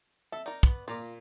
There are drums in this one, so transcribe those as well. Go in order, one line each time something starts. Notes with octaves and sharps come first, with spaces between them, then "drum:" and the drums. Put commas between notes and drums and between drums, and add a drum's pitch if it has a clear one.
A4 E5 E6
D#4 A#4 D5
B3, drum: kick
A#2 F4 A#5 D6